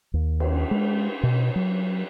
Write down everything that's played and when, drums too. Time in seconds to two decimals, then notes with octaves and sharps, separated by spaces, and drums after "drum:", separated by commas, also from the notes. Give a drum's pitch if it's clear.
0.14 D#2
0.40 drum: cymbal
0.71 G#3
1.23 B2
1.56 F#3